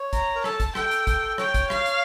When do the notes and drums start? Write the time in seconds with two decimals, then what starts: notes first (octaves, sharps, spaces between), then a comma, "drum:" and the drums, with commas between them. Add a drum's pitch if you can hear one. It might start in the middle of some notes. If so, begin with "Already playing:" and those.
Already playing: C#5
0.13 A#5, drum: kick, hi-hat
0.35 A#4
0.44 A4 A5, drum: rim click
0.60 drum: kick, hi-hat
0.75 A4 G5, drum: rim click
0.91 drum: hi-hat
1.07 drum: kick, hi-hat
1.38 C#5 G5, drum: rim click
1.54 drum: kick, hi-hat
1.70 F5, drum: rim click
1.86 drum: hi-hat